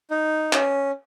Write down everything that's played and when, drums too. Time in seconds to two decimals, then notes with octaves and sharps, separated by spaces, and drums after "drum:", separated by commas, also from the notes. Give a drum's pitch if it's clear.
0.11 D#4
0.53 C#4, drum: clap